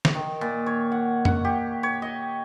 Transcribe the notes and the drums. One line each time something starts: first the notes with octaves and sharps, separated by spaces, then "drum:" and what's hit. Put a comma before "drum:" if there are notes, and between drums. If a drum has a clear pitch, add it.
drum: snare
D#3
A#2
C#5
F#5
F#5, drum: tom F2
G4
C#5
D#5